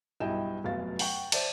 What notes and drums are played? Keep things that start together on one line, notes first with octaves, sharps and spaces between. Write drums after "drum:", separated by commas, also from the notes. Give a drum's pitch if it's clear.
B1 G2 E4 D#5 G5 E7
F1 F#2 B2 F5 A6
F#5 G5 C#6, drum: open hi-hat
C5 D5 E5 A5, drum: cymbal